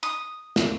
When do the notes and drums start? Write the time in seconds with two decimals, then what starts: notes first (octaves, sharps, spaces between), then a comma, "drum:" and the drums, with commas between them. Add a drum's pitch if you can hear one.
0.03 D#6
0.56 drum: snare